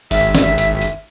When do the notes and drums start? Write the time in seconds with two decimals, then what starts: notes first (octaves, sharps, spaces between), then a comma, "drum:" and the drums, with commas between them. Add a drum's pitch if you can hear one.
0.11 G#1 E5, drum: open hi-hat
0.35 drum: snare
0.58 drum: hi-hat
0.82 drum: hi-hat